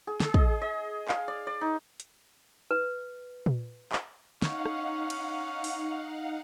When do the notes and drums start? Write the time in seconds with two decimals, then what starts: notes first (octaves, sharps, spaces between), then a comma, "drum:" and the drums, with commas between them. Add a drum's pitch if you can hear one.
0.07 G#4
0.20 G#4, drum: snare
0.34 D#5, drum: kick
0.62 D#5
1.08 F5, drum: clap
1.28 D5
1.47 D5
1.61 D#4
2.00 drum: hi-hat
2.71 B4
3.46 drum: tom A#2
3.92 drum: clap
4.42 C#4 D#4 F5 F#5, drum: snare
4.65 drum: rim click
5.10 drum: cymbal
5.64 drum: open hi-hat